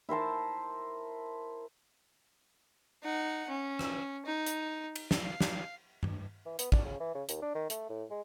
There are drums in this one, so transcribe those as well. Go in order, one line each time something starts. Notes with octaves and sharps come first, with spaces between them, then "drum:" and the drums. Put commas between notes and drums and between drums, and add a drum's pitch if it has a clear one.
E4 A#4 C5 A5
D#4 F#5
C#4
drum: rim click
D#4
drum: hi-hat
drum: cymbal
drum: snare
F5
drum: snare
drum: tom G2
E3
B3, drum: hi-hat
D4, drum: kick
C#3
E3
C#3
D#2, drum: hi-hat
D4
D#3
A3, drum: hi-hat
A2
G#3